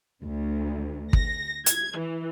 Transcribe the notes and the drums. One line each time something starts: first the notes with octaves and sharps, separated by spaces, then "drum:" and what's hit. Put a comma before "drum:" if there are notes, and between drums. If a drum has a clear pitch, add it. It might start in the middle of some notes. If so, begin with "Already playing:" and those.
D2
A#6, drum: kick
G#6, drum: hi-hat
E3